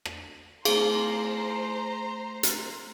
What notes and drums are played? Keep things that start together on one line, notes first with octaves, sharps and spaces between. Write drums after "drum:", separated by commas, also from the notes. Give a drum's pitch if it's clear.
drum: rim click
A3 G#4 C5 F5 A#5 C6, drum: cymbal
drum: hi-hat